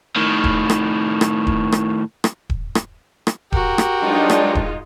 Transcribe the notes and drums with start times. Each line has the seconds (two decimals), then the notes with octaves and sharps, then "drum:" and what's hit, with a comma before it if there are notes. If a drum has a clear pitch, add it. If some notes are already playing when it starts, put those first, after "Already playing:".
0.16 A2 D#3
0.44 drum: kick D#1
0.70 drum: rim click
1.21 drum: rim click
1.47 drum: kick D#1
1.72 drum: rim click
2.24 drum: rim click
2.50 drum: kick D#1
2.75 drum: rim click
3.27 drum: rim click
3.52 F#4 G4 A#4, drum: kick D#1
3.78 drum: rim click
4.02 G2 F#3 G#3 D4 D#4 F4
4.30 drum: rim click
4.55 drum: kick D#1